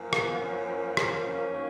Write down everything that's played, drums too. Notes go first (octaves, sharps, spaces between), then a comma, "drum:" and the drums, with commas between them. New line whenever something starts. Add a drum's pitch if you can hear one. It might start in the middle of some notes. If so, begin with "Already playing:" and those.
Already playing: F#2 F3 A#3
B3, drum: rim click
C#4
C#4, drum: rim click
C#4
D#3 F#3 A#3